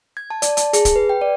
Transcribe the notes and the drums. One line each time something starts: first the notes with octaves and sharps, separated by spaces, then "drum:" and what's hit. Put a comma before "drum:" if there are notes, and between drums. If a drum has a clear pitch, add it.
G#6
A5
D5, drum: hi-hat
A5, drum: hi-hat
G#4, drum: hi-hat
drum: kick, hi-hat
B4
G5
D5